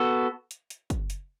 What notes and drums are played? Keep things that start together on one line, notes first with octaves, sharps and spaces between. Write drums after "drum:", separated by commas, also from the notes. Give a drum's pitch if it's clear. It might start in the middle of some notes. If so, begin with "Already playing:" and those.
Already playing: B3 F#4 A4
drum: hi-hat
drum: hi-hat
drum: kick, hi-hat
drum: hi-hat